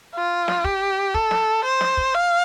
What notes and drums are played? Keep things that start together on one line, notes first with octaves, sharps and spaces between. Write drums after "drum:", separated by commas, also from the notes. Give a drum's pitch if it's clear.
F4
drum: snare
G4, drum: kick
A4, drum: kick
drum: snare
C5
drum: snare
drum: kick
F5